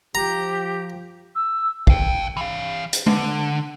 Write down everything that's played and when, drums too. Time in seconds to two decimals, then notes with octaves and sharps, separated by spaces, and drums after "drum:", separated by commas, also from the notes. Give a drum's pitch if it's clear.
0.15 F3 G4 A#5
1.35 E6
1.87 F5 G5, drum: kick
2.37 E3 F5
2.93 drum: hi-hat
3.06 D3, drum: tom G#3